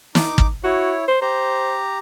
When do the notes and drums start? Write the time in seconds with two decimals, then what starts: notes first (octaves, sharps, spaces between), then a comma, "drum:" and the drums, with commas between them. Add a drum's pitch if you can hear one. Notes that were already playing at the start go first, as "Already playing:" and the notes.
0.15 D#4 D6, drum: snare
0.38 drum: kick
0.64 E4 F#4 C#5
1.08 C5
1.22 G4 C5 A#5